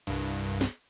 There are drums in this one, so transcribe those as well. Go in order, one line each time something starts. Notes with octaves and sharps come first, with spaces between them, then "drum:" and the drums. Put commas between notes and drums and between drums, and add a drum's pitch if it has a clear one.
C2 G2, drum: hi-hat
drum: snare